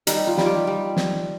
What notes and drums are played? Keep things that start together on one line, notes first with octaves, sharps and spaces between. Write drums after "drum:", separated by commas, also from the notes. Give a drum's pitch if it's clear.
G3 D#4, drum: hi-hat
F4
G3, drum: snare
G4
G3
drum: snare